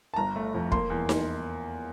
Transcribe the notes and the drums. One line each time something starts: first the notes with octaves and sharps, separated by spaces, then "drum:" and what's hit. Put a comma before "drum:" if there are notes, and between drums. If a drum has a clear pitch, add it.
A5
G1 A#5
A3
F2
A#3 C6, drum: kick
E2
drum: snare D#4